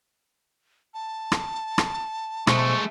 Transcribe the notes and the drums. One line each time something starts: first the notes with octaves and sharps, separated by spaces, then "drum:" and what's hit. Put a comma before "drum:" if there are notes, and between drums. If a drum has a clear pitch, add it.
A5
drum: rim click
drum: rim click
B2 G#3 A3 C5 C#6, drum: rim click